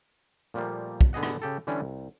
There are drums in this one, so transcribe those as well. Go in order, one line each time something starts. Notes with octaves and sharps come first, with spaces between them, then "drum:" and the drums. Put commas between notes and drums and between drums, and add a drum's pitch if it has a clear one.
A#2 F3 G3 A3 A#3
drum: kick
D3 B3 G#4 D#5 F#5
drum: rim click
C#3 G4 A4
D3 E3 G3 C#4 D4
C2